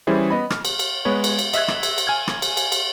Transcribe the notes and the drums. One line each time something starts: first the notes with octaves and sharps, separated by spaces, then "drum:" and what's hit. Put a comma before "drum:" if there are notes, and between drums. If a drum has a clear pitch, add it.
E3 G3 C#4 E4 G#4 C5
B3 D#5 B5
F6, drum: rim click
drum: cymbal
drum: cymbal
G#3 B3 B4 C#5
drum: cymbal
drum: cymbal
D#5 E5 E6 F#6 G#6, drum: cymbal
drum: rim click
drum: cymbal
drum: cymbal
G#5 F6 G#6
drum: rim click
drum: cymbal
drum: cymbal
drum: cymbal